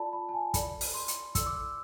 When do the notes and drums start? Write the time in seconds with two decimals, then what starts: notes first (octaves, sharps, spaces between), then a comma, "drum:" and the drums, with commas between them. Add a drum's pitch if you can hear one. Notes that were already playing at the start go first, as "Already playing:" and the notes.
Already playing: F4 A4 D5 A5 B5
0.13 B5
0.29 A5
0.34 G#5
0.54 E4 A4 D5 B5, drum: kick, hi-hat
0.81 drum: open hi-hat
0.94 C6
1.08 drum: hi-hat
1.35 E4 A4 D5 E6, drum: kick, hi-hat
1.46 D6
1.55 E6